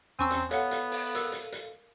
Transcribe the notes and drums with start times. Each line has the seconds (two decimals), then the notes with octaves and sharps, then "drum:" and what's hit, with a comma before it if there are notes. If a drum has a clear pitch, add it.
0.19 E2 C4 C#4 G#5 A#5 C#6 E6
0.31 drum: hi-hat
0.51 B3 A4 C#5 F5 F#5, drum: hi-hat
0.71 drum: hi-hat
0.92 drum: open hi-hat
1.15 A#4 E6, drum: hi-hat
1.32 drum: hi-hat
1.52 drum: hi-hat